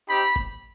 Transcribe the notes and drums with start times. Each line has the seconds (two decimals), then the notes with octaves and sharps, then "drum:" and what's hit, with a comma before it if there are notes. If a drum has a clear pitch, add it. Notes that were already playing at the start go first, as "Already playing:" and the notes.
0.09 C4 D#4 G4 B5
0.36 drum: kick